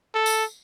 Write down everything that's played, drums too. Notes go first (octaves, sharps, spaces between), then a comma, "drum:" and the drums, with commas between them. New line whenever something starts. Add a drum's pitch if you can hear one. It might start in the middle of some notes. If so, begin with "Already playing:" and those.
A4
drum: tambourine